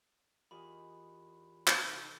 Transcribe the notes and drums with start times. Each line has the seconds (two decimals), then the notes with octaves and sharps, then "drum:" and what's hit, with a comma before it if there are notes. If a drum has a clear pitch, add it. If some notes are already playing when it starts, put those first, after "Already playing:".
0.51 E2 F4 G4 A#4 D#5 B5
1.68 drum: clap
1.86 C3 D#4 A4